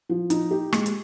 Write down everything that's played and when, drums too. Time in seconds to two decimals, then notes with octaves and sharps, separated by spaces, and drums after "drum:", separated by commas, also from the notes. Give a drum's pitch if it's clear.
0.09 F3
0.30 D#4, drum: hi-hat
0.51 G4
0.73 G#3, drum: rim click
0.86 drum: hi-hat